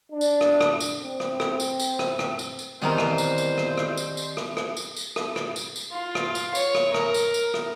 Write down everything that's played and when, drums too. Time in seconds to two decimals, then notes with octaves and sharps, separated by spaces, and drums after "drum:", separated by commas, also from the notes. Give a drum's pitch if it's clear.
0.12 D4
0.21 drum: tambourine
0.41 drum: rim click
0.61 drum: rim click
0.80 drum: tambourine
1.03 C4
1.20 drum: rim click
1.40 drum: rim click
1.60 drum: tambourine
1.79 drum: tambourine
1.99 drum: rim click
2.19 drum: rim click
2.39 drum: tambourine
2.59 drum: tambourine
2.82 C2 D#3 E3 B3 C4 A#4 C5
2.98 drum: rim click
3.18 drum: tambourine
3.38 drum: tambourine
3.58 drum: rim click
3.78 drum: rim click
3.97 drum: tambourine
4.17 drum: tambourine
4.37 drum: rim click
4.57 drum: rim click
4.77 drum: tambourine
4.96 drum: tambourine
5.16 drum: rim click
5.36 drum: rim click
5.56 drum: tambourine
5.76 drum: tambourine
5.92 F4
6.15 drum: rim click
6.35 drum: tambourine
6.55 C#5, drum: tambourine
6.75 drum: rim click
6.94 A#4, drum: rim click
7.14 drum: tambourine
7.34 drum: tambourine
7.54 drum: rim click